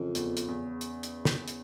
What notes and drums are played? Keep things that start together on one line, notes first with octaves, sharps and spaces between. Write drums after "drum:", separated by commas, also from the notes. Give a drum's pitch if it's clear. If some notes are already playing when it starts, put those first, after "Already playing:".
Already playing: F2 C#3 E3
E2, drum: hi-hat
drum: hi-hat
E2
drum: hi-hat
drum: hi-hat
drum: snare
drum: hi-hat